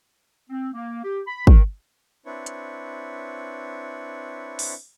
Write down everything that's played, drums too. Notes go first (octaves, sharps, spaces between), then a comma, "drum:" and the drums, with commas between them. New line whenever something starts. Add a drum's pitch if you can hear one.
C4
A#3
G4
B5
D#3, drum: kick
C4 D4 E4 B4 C#5
drum: hi-hat
drum: open hi-hat